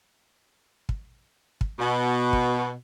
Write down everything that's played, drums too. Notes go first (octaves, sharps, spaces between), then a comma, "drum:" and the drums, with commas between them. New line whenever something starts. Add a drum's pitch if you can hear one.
drum: kick
drum: kick
B2
drum: kick